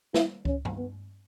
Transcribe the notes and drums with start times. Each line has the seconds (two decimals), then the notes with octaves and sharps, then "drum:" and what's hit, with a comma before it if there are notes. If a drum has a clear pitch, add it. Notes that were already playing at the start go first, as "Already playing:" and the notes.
0.14 E4, drum: snare
0.45 C#4, drum: kick C#2
0.65 drum: tom G2
0.76 B3